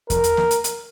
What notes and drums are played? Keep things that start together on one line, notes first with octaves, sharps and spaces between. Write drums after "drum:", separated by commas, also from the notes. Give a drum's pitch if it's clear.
A#4, drum: kick E2, hi-hat
drum: hi-hat
drum: snare A#3
drum: hi-hat
drum: hi-hat